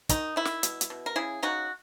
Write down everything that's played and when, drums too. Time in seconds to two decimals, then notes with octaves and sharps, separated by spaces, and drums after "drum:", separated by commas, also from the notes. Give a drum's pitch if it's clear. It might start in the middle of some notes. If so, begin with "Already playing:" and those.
0.09 D#3 D#4, drum: kick, hi-hat
0.36 D#3 E4
0.45 drum: snare
0.63 B2, drum: hi-hat
0.81 drum: hi-hat
0.90 B2
1.06 A#4
1.16 C#3 E4 G#4
1.43 C#3 D#4 F#4